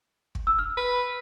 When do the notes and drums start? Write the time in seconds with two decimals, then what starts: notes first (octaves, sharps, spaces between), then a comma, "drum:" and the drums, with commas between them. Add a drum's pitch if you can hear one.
0.35 drum: kick
0.47 E6
0.59 F6
0.77 B4